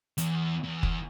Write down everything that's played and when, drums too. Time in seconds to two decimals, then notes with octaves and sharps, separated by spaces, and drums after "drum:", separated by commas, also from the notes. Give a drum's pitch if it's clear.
0.18 E2, drum: hi-hat
0.64 E2
0.83 drum: kick F1